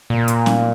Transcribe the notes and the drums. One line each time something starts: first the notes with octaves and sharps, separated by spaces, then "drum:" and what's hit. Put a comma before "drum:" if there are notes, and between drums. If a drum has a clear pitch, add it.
A#2
drum: hi-hat
drum: snare C#4